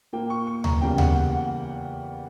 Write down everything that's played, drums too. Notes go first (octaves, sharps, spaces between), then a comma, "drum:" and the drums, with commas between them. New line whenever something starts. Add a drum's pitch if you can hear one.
A#2 A#3 G5
C#6
C#6
A#5, drum: tom D2
E2 C#3 G3 A#3 G5
F#5, drum: tom D2
F#5
F#5